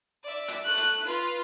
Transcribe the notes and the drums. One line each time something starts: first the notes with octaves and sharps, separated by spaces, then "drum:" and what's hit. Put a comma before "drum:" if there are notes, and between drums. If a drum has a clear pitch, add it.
D5 E5
drum: hi-hat
A3 F#6
drum: hi-hat
F4 B4